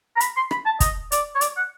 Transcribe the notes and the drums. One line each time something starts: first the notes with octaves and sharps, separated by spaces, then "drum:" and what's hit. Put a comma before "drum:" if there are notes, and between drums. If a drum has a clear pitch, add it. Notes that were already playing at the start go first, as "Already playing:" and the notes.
A#5
B5, drum: hi-hat
C6
B5, drum: rim click
A5
D#5, drum: kick, hi-hat
D5, drum: hi-hat
C#5
D5, drum: hi-hat
F#5